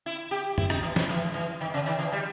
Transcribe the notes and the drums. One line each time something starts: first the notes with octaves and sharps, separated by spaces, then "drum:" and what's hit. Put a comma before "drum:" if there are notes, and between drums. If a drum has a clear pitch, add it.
E4
G4
E4, drum: tom
D#4, drum: rim click
E3
D#3, drum: snare
E3
E3
D#3
C#3
D#3
E3
G3